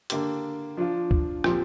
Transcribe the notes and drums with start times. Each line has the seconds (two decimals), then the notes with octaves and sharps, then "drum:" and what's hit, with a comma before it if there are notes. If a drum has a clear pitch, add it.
0.10 D3 A#3 D4 G4, drum: hi-hat
0.77 F3 D4 F4
1.11 drum: kick C#2
1.44 A#2 F3 C4 G4, drum: rim click